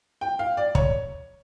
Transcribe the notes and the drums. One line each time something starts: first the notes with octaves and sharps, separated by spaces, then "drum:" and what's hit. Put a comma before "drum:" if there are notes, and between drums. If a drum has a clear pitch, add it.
G5
F5
D5
C#5, drum: kick